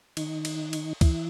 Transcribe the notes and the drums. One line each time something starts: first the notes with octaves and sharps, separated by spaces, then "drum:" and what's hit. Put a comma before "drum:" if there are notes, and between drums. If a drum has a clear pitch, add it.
D#3 D#4, drum: cymbal
drum: cymbal
drum: cymbal
E3 E4, drum: kick, cymbal